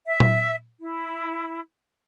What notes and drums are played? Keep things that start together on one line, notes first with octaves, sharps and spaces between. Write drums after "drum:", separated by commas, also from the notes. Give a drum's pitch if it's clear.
E5
drum: tom A#2
E4